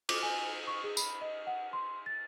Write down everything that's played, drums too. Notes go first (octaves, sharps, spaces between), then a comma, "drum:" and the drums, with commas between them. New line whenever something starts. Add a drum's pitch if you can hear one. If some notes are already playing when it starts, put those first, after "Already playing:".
D6, drum: cymbal
G#5
C#6
G#4
B5, drum: tambourine
D#5
F#5
C6
A6